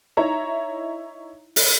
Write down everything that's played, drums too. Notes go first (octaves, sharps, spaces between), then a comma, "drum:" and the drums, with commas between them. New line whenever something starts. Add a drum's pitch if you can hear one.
D#4 E4 C#5 E5 A#5
drum: open hi-hat